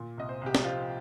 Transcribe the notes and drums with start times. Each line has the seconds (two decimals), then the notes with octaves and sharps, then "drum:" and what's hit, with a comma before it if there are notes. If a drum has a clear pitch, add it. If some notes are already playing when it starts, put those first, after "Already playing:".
Already playing: A#2
0.18 C2 D#5
0.29 C5
0.41 C2 G4
0.55 drum: snare
0.64 F3 F4